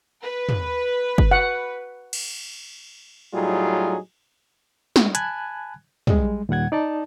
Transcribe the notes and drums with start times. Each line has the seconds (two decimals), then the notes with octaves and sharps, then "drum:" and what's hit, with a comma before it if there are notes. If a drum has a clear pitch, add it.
0.23 B4
0.49 drum: tom
1.18 drum: kick
1.31 F#5
2.13 drum: cymbal
3.34 A2 F#3 G3 D#4 F4 G#4
4.96 drum: snare
5.15 G#5 A5 B5 F#6 G#6, drum: hi-hat
6.07 G3 G#3, drum: tom
6.49 D#2 A#2 G3 F#5 G#6
6.72 D#4 D5 D#5 A5